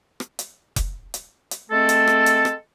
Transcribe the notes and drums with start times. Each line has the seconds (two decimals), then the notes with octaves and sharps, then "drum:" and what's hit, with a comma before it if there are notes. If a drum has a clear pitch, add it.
0.20 drum: rim click
0.39 drum: hi-hat
0.76 drum: kick F1, hi-hat
1.14 drum: hi-hat
1.51 drum: hi-hat
1.70 G#3 A3 C4 A4
1.89 drum: hi-hat
2.08 drum: rim click
2.26 drum: hi-hat
2.45 drum: rim click